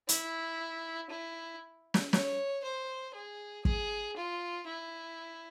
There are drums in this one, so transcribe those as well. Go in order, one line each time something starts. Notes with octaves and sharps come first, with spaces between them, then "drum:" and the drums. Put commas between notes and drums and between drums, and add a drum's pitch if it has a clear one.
E4, drum: hi-hat
E4
drum: snare
C#5, drum: snare
C5
G#4
G#4, drum: kick
F4
E4